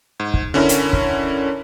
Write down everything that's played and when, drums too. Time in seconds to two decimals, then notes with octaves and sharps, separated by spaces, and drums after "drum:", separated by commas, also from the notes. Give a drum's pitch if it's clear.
0.20 G#2
0.34 drum: kick
0.54 D3 C#4 E4 A#4
0.69 drum: hi-hat
0.93 drum: kick